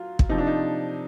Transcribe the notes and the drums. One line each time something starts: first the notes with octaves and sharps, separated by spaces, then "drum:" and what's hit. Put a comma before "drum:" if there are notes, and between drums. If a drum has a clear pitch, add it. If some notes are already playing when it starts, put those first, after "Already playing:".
Already playing: F#3 F4
drum: kick
C3 F3 D#4
D4
D#4